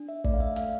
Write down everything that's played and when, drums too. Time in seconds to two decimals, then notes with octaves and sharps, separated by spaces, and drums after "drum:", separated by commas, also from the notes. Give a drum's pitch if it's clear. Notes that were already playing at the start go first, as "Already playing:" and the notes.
Already playing: D4
0.09 E5
0.24 A3 D5, drum: kick
0.34 F5
0.40 E5
0.56 A3 F5, drum: hi-hat